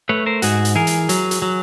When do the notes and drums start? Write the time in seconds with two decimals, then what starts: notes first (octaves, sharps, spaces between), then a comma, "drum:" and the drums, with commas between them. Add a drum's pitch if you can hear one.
0.09 A3 B4 C#5
0.26 A#4 C5
0.42 G#2 F#4 G#4, drum: hi-hat
0.65 drum: hi-hat
0.75 E3 G#4 A#4
0.87 drum: hi-hat
1.09 F#3, drum: hi-hat
1.31 drum: hi-hat
1.42 F#3